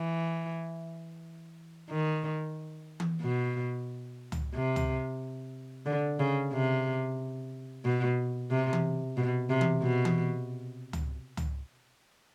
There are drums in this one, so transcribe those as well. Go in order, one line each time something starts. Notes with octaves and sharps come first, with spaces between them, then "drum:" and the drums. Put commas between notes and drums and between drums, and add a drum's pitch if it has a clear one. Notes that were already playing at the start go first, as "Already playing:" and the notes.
Already playing: E3
D#3
drum: tom E3
B2
drum: tom C#2
C3
drum: tom C#2
D3
C#3
C3
B2
C3
drum: tom E3
B2
C3
drum: tom E3
B2
drum: tom E3
drum: tom C#2
drum: tom C#2